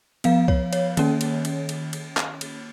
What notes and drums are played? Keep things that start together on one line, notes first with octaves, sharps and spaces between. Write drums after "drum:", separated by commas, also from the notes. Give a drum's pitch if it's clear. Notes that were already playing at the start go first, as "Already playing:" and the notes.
F3 B3 F5, drum: cymbal
C#5, drum: kick C2
C#5, drum: cymbal
D#3 A#3 C#4, drum: cymbal
drum: cymbal
drum: cymbal
drum: cymbal
drum: cymbal
drum: clap
drum: cymbal